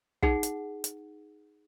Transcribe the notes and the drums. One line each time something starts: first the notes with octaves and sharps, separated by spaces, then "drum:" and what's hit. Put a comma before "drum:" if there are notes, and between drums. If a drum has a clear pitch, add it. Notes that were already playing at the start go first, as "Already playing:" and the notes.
D#4 G#4 F#5, drum: kick
drum: hi-hat
drum: hi-hat